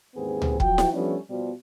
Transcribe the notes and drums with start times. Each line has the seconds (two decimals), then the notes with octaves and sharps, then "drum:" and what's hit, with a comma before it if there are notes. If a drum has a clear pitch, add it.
0.15 D#2 G#2 E3 B3 C4 G#4
0.42 drum: tom C#2
0.60 F3 F#3 F#4 G5, drum: kick
0.78 drum: snare E4
0.94 F3 G3 A3 B3 C#4 D4
1.29 B2 F3 G3